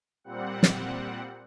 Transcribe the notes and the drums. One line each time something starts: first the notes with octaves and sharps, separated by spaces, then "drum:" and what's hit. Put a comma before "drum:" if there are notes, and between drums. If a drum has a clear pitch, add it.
A#2 G3 C4 F#5
drum: snare